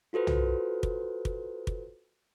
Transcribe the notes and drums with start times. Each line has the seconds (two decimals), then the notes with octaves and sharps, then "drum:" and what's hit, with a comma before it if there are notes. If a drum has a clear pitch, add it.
0.13 F4 F#4 A4 B4 C5
0.27 drum: tom
0.83 drum: kick
1.25 drum: kick
1.67 drum: kick